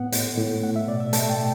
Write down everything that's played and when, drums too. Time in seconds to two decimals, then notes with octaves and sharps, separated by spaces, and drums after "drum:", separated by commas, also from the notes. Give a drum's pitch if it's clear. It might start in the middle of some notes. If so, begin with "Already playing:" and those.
Already playing: A2 B3 F#5
0.12 A2, drum: hi-hat
0.37 A2
0.63 A3 F#5
0.76 E5
0.88 B2 D5
1.00 E5
1.13 A3 A5, drum: hi-hat
1.29 G5
1.39 B2